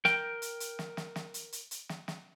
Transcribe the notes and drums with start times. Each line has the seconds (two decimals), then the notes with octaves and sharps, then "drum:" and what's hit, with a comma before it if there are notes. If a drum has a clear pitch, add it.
0.05 A#4 G5, drum: snare
0.42 drum: hi-hat
0.60 drum: hi-hat
0.79 drum: snare
0.97 drum: snare
1.16 drum: snare
1.34 drum: hi-hat
1.52 drum: hi-hat
1.71 drum: hi-hat
1.89 drum: snare
2.08 drum: snare